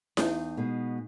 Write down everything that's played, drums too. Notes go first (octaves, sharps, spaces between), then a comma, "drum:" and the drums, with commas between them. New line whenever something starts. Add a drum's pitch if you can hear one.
E2 D#4, drum: snare E4
B2 G#3 B3